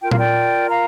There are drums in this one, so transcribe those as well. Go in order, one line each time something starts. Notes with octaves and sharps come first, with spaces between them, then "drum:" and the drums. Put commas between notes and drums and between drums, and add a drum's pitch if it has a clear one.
F4 A#4 G5
F5, drum: tom A#2
D5 G5
F5 A#5